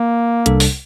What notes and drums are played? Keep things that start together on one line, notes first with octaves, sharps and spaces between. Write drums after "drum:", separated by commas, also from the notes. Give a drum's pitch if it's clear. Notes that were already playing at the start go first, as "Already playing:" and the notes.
Already playing: A#3
C2 C3 G3 D4 A4, drum: hi-hat
drum: open hi-hat